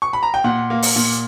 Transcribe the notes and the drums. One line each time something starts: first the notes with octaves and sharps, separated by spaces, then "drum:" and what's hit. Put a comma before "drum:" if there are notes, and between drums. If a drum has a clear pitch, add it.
C#6
B5
A#5
G5
A#2 F#5
A#3
drum: open hi-hat
A#2